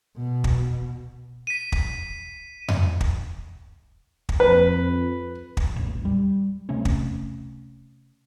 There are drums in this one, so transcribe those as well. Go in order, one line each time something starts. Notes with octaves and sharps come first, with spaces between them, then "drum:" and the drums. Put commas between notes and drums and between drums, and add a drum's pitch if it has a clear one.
B2
drum: kick
B6 D#7
drum: kick
drum: tom F2
drum: kick
drum: kick
F2 B4
drum: kick
A1 D#2
G3
C3 A3 C#4
drum: kick